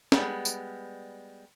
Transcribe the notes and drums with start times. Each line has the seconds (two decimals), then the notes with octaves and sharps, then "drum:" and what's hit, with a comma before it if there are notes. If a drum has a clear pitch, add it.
0.12 G3 G#3 B3, drum: snare
0.45 drum: tambourine